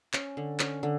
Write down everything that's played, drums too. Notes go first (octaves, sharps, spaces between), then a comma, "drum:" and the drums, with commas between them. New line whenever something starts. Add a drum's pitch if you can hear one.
C#4, drum: clap
D3
C#4, drum: clap
D3